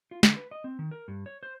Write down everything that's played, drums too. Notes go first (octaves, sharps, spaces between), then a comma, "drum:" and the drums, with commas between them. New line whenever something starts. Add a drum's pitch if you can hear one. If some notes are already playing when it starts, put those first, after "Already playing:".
F4
D3, drum: snare
B4
D#5
C4
D#3
A#4
G2
C#5
C5